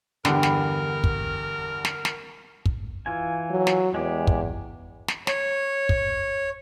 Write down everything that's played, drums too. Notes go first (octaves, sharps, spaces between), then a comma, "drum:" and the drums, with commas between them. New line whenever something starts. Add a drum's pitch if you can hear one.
E2 G2 D3 A#4 F#5 G5 B5, drum: snare
drum: snare
drum: kick
drum: snare
drum: snare
drum: kick
E3 F4 G#5
F#3
drum: snare
E2 G#3 G4
drum: kick
drum: snare
C#5, drum: snare
drum: kick